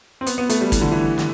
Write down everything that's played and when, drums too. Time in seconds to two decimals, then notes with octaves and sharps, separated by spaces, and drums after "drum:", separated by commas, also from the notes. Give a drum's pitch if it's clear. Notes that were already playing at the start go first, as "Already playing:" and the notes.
0.21 C4
0.26 B3, drum: hi-hat
0.38 B3
0.49 A3, drum: hi-hat
0.61 G3
0.72 E3, drum: kick, hi-hat
0.81 D3
0.92 E3
1.18 drum: snare